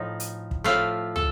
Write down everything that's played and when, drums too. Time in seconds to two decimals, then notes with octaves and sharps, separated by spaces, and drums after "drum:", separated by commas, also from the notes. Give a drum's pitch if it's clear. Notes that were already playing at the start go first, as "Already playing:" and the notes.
Already playing: A2 F3 D#4
0.20 drum: hi-hat
0.51 drum: kick
0.64 A2 F3 A3 F4
1.16 A4, drum: tom